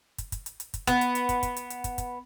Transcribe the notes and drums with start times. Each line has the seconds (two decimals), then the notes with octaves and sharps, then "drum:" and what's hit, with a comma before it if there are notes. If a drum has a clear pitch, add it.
0.18 drum: kick, hi-hat
0.32 drum: kick, hi-hat
0.46 drum: hi-hat
0.60 drum: hi-hat
0.74 drum: kick, hi-hat
0.87 B3, drum: kick, hi-hat
1.01 drum: hi-hat
1.15 drum: hi-hat
1.29 drum: kick, hi-hat
1.43 drum: kick, hi-hat
1.56 drum: hi-hat
1.70 drum: hi-hat
1.84 drum: kick, hi-hat
1.98 drum: kick, hi-hat